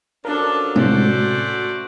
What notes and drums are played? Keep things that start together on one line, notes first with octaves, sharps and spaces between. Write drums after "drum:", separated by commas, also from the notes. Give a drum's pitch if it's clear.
F3 F#3 C#4 D4 A4 A#4
F#2 A2 C3 A3 F#4 C5 D5, drum: tom G#3